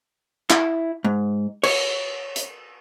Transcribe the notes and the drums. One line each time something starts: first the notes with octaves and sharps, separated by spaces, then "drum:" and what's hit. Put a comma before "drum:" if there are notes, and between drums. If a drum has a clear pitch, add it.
E4, drum: clap
G#2
C#5, drum: cymbal
drum: hi-hat